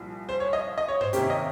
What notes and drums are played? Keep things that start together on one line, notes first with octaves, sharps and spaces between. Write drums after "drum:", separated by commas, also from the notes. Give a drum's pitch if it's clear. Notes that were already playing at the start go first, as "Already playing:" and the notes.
Already playing: C2 A#2 F3
C5
C#5
D#5
D#5
C#5
C5, drum: tom G2
C3 D#3 A#3 C#4 G4, drum: hi-hat
D#5